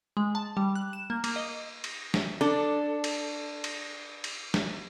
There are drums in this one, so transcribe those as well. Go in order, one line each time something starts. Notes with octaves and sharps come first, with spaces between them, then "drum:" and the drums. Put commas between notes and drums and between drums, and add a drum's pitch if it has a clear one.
G#3
A5
G3
F#6
E7
A#3
A#3, drum: cymbal
D#5
drum: cymbal
drum: snare
D4 A4
drum: cymbal
drum: cymbal
drum: cymbal
drum: snare